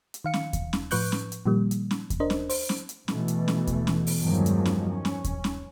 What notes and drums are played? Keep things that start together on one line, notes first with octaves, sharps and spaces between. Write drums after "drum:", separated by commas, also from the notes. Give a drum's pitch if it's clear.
drum: hi-hat
D#3 F5 C#7
drum: snare C#4
drum: kick D#2, hi-hat
drum: snare C#4
A2 F3 B4 C#6 F#6 G6, drum: open hi-hat
drum: snare C#4
drum: hi-hat
A#2 D#3 F3 G3 A#3
drum: hi-hat
drum: snare C#4
drum: kick D#2, hi-hat
D4 A#4 C5 D#5
drum: snare C#4
C5, drum: open hi-hat
drum: snare C#4
drum: hi-hat
B2 E3 A3, drum: snare C#4
drum: hi-hat
drum: snare C#4
drum: kick D#2, hi-hat
drum: snare C#4
drum: open hi-hat
E2 G2 D#3 F3 F#3 G#3
drum: hi-hat
drum: snare C#4
C#4
drum: snare C#4
drum: kick D#2, hi-hat
drum: snare C#4